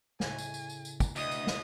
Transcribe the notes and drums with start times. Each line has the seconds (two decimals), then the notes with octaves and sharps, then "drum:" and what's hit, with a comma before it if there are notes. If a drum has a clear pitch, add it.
0.20 A2 C#3 G#5, drum: snare
0.38 drum: tambourine
0.54 drum: tambourine
0.69 drum: tambourine
0.85 drum: tambourine
1.00 drum: kick, tambourine
1.16 D2 B2 D#5 D#6 F#6, drum: tambourine
1.31 drum: tambourine
1.47 drum: snare